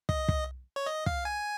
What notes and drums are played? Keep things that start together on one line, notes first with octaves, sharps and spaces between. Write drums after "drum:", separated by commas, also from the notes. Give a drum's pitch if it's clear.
D#5, drum: kick
drum: kick
C#5
D#5
F5, drum: kick
G#5